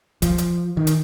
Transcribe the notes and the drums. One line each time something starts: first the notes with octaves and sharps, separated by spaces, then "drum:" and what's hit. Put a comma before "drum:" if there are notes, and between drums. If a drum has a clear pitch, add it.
F3, drum: kick, hi-hat
drum: hi-hat
D#3
drum: hi-hat